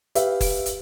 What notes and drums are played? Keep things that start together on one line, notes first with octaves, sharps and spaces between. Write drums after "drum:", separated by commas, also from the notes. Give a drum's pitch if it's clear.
G4 B4 E5 F5, drum: hi-hat
drum: kick, open hi-hat
drum: hi-hat